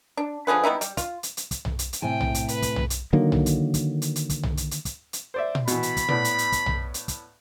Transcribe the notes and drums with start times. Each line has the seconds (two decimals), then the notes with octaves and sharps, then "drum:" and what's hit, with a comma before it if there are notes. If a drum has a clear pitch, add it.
0.17 D4
0.47 D3 F3 G#4 B4
0.64 G3 B3 D#4 E4
0.81 G3, drum: hi-hat
0.97 F4, drum: kick, hi-hat
1.23 drum: hi-hat
1.37 drum: hi-hat
1.51 drum: kick, hi-hat
1.65 drum: tom B1
1.79 drum: hi-hat
1.93 drum: hi-hat
2.02 A2 C3 G5 G#5
2.21 drum: tom B1
2.35 drum: hi-hat
2.48 B4, drum: hi-hat
2.62 drum: kick, hi-hat
2.76 drum: tom B1
2.90 drum: hi-hat
3.13 D3 D#3 F#3 A#3
3.32 drum: tom B1
3.46 drum: hi-hat
3.74 drum: kick, hi-hat
4.02 drum: hi-hat
4.16 drum: hi-hat
4.29 drum: kick, hi-hat
4.43 drum: tom B1
4.57 drum: hi-hat
4.71 drum: hi-hat
4.85 drum: kick, hi-hat
5.13 drum: hi-hat
5.34 C5 D5 E5
5.55 drum: tom A#2
5.68 B2 E3 B5, drum: hi-hat
5.83 drum: hi-hat
5.97 drum: kick, hi-hat
6.09 A2 B3 D5, drum: tom A#2
6.24 drum: hi-hat
6.38 drum: hi-hat
6.52 drum: kick, hi-hat
6.66 drum: tom B1
6.94 drum: hi-hat
7.08 drum: kick, hi-hat